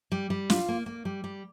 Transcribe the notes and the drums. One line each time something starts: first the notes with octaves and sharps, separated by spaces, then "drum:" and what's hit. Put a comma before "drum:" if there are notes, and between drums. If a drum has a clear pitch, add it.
G3
G3
F4, drum: snare
A#3
A#3
G3
G3